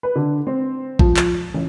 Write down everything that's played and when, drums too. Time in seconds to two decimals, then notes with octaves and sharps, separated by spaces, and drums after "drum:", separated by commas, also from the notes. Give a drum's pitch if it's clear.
0.03 B4
0.16 D3
0.47 C4
0.99 F3, drum: kick A1
1.17 drum: clap
1.54 A1